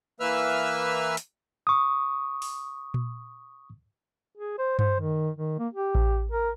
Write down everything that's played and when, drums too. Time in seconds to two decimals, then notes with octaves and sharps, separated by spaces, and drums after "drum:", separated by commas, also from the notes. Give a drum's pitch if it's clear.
0.20 E3 A#3 B4 E5 E6 F6
1.17 drum: hi-hat
1.67 C#6 D#6
2.42 drum: open hi-hat
2.94 drum: tom A#2
4.38 G#4
4.58 C5
4.79 C5, drum: tom G2
5.00 D#3
5.36 D#3
5.59 A#3
5.74 G4
5.95 drum: kick A1
6.32 A#4